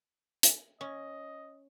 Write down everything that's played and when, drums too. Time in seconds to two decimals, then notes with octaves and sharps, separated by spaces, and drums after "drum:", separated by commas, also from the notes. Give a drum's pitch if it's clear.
0.43 drum: hi-hat
0.81 C#4 D#5